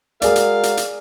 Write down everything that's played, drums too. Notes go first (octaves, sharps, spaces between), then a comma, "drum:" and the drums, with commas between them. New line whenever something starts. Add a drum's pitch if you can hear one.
G#3 F#4 G#4 A#4 D5 F5, drum: hi-hat
drum: hi-hat
drum: hi-hat
drum: hi-hat